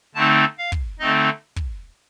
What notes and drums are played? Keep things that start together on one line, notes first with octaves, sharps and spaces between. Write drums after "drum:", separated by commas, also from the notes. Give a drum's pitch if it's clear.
D3 A3 C4 D#4 A5
F5
drum: kick
D3 A3 C4 D#4 D#5
drum: kick